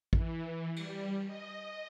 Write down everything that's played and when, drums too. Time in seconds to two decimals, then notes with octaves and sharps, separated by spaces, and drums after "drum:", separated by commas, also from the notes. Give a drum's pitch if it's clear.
0.13 E3, drum: kick
0.76 G3, drum: cymbal
1.26 D#5